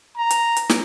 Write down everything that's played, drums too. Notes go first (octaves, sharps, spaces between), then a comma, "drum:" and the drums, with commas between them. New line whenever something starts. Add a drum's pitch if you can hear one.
A#5
drum: hi-hat
drum: hi-hat
drum: snare